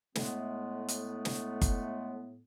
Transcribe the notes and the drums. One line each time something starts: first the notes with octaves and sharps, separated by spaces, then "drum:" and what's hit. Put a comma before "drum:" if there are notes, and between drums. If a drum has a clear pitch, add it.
A2 G#3 A3 B3, drum: snare
drum: hi-hat
drum: snare
drum: kick G1, hi-hat